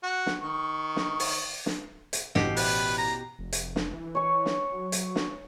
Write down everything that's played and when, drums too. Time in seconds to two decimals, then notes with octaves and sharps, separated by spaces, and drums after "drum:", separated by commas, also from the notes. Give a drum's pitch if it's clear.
0.03 F#4
0.26 drum: snare
0.42 D#3 C#6
0.96 drum: snare
1.20 drum: open hi-hat
1.66 drum: snare
2.13 drum: hi-hat
2.35 A1 B2 G4 C7, drum: snare
2.56 B4, drum: open hi-hat
2.98 A#5
3.39 F1
3.52 drum: hi-hat
3.76 drum: snare
3.94 E3
4.15 C#5 G#5 C#6
4.46 drum: snare
4.71 F#3
4.92 drum: hi-hat
5.16 drum: snare